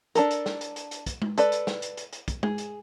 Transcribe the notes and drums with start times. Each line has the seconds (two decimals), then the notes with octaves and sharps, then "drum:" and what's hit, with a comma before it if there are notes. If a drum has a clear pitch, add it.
0.15 D4 A4 A#4, drum: hi-hat
0.31 drum: hi-hat
0.46 drum: snare
0.61 drum: hi-hat
0.76 drum: hi-hat
0.91 drum: hi-hat
1.06 drum: kick, hi-hat
1.22 drum: tom G#3
1.38 A4 B4 D5, drum: hi-hat
1.52 drum: hi-hat
1.67 drum: snare
1.82 drum: hi-hat
1.97 drum: hi-hat
2.13 drum: hi-hat
2.28 drum: kick, hi-hat
2.43 G#4, drum: tom G#3
2.58 drum: hi-hat